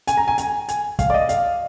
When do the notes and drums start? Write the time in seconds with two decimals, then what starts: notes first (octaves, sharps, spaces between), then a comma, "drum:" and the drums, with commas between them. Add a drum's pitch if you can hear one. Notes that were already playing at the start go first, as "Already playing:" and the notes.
0.07 G#5, drum: hi-hat
0.17 A#5
0.28 G#5
0.38 G#5, drum: hi-hat
0.68 G#5, drum: hi-hat
0.99 F5, drum: kick, hi-hat
1.10 D5
1.14 D#5
1.29 F5, drum: hi-hat